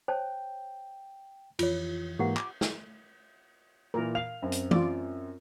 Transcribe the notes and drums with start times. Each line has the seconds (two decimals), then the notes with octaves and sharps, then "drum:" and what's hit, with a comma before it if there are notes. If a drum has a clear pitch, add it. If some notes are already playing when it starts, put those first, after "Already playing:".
0.08 C5 C#5 G5 A5
1.59 F2 E3 F4 C#5, drum: cymbal
2.19 G#2 E3 A#3 G4 F#5
2.37 D6, drum: clap
2.61 drum: snare
3.94 A#2 E3 A#4
4.15 F5 F7
4.42 F#2 C4
4.52 drum: hi-hat
4.71 F4 D5, drum: tom